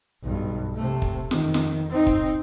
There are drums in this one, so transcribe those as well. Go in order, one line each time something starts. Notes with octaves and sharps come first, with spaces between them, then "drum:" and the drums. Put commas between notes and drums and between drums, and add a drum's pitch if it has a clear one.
B1 G2
C3 A3
drum: kick
F2 D#3, drum: snare F4
drum: snare F4
C4 D#4
drum: kick